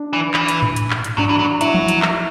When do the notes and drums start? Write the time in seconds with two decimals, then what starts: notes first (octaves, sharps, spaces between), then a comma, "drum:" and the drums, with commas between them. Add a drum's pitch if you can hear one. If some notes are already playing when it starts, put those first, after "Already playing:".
Already playing: D4
0.13 E3
0.34 E3, drum: clap
0.48 drum: hi-hat
0.62 drum: tom G#2
0.76 drum: hi-hat
0.90 drum: clap
1.04 drum: hi-hat
1.18 F#3 D4, drum: tom G2
1.29 E3
1.39 F#3
1.61 F#3 E4, drum: hi-hat
1.74 drum: tom E3
1.88 drum: hi-hat
2.02 E4, drum: clap